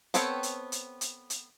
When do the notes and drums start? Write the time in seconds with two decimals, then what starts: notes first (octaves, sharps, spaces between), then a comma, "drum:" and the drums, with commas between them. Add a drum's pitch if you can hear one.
0.14 B3 C4 A4 C#5 G5, drum: hi-hat
0.43 drum: hi-hat
0.72 drum: hi-hat
1.01 drum: hi-hat
1.30 drum: hi-hat